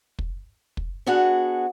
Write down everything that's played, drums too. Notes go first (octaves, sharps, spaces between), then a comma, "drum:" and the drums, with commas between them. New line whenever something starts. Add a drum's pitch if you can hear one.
drum: kick
drum: kick
B3 D4 F#4 G#4 F#5